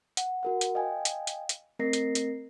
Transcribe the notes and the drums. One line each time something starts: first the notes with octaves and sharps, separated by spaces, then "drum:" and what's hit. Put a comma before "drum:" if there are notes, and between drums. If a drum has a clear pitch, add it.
F#5, drum: hi-hat
F#4 A#4 F#5
drum: hi-hat
D#5 F5 G5 G#5
drum: hi-hat
drum: hi-hat
drum: hi-hat
A3 C4 A#4 D#5 A#6 C7
drum: hi-hat
drum: hi-hat